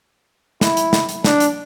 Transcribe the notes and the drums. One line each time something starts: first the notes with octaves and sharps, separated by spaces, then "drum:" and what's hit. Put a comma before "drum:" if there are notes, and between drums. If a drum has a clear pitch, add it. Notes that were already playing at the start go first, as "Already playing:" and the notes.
E4, drum: snare
drum: hi-hat
drum: snare
drum: hi-hat
D4, drum: snare
drum: hi-hat